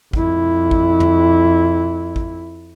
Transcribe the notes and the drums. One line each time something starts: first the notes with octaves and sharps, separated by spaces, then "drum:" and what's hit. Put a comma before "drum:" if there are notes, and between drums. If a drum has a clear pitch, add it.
F2 E4, drum: kick
drum: kick
drum: tom
drum: kick